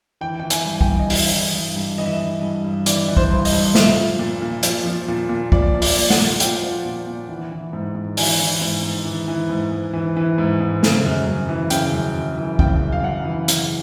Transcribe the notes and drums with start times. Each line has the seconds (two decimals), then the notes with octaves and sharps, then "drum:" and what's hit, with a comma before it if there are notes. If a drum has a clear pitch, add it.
0.21 E3 G5
0.40 E3 G5
0.50 G#5, drum: hi-hat
0.65 G2
0.76 G#5
0.81 G5, drum: kick
0.87 G2
0.99 D#5
1.10 E3 E5, drum: open hi-hat
1.31 E3
1.54 G2
1.76 G2
1.98 E3 D#5
2.06 E5
2.13 D#5
2.20 E3
2.42 G2
2.64 G2
2.86 E3 D5, drum: hi-hat
3.09 E3
3.17 C5, drum: kick
3.31 G2
3.45 D#5, drum: open hi-hat
3.53 G2
3.75 F3 E5, drum: snare
3.97 F3
4.19 A#2
4.42 A#2
4.63 F3, drum: hi-hat
4.86 F3
5.08 A#2
5.29 A#2
5.52 F3 D5, drum: kick
5.75 F3
5.82 D5, drum: open hi-hat
5.96 A#2
6.10 F#5, drum: snare
6.19 A#2
6.40 F3 G5, drum: hi-hat
6.63 F3
6.85 A#2
7.07 A#2
7.29 E3
7.51 E3
7.73 G#2
7.95 G#2
8.17 E3 G#5, drum: open hi-hat
8.39 E3
8.61 G#2
8.83 G#2
9.05 E3
9.28 E3
9.49 G#2
9.72 G#2
9.93 E3
10.17 E3
10.38 G#2
10.60 G#2
10.83 C#3, drum: snare
11.04 F#2
11.26 F#2
11.49 E3
11.70 C#3 G5, drum: hi-hat
11.94 F#2
12.16 F#2
12.37 E3
12.59 C#3 G5, drum: kick
12.81 F#2
12.92 F5
13.03 F#2 F#5
13.25 E3
13.48 C#3, drum: hi-hat